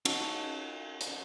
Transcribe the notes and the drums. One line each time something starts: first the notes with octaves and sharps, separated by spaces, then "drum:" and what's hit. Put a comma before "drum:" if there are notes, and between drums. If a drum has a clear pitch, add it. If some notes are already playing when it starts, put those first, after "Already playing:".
C#4 D#4 F#4 A4, drum: cymbal
drum: hi-hat